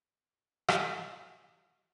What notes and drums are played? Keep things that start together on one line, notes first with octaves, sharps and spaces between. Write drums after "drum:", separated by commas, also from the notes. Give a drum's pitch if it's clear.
A4 B5 C#6 D6
drum: rim click